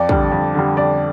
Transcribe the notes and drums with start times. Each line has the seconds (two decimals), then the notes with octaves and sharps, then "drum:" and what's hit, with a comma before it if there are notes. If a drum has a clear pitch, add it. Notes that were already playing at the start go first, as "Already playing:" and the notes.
Already playing: F2 D5
0.09 D3 G3, drum: kick
0.32 F2
0.54 D3 G3
0.77 F2 D5